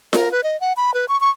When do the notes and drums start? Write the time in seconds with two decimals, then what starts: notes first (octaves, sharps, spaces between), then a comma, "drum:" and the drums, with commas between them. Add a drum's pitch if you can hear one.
0.13 A#4, drum: snare F4
0.31 B4
0.43 D#5
0.60 F#5
0.77 B5
0.94 B4
1.08 C#6
1.20 C#6